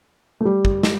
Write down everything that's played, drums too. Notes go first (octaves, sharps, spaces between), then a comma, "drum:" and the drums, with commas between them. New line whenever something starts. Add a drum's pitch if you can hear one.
A3
G3
drum: kick
drum: snare